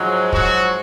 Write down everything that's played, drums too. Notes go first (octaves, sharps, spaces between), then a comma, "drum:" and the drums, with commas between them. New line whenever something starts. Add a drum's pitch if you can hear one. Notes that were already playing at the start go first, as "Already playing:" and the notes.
Already playing: G#2 F3 F#3 G#3
F#3 F#4, drum: kick